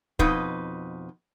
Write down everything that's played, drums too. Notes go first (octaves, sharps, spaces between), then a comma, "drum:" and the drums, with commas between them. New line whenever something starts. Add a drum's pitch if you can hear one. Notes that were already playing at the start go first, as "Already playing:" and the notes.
F2 B2 D#4 B4, drum: kick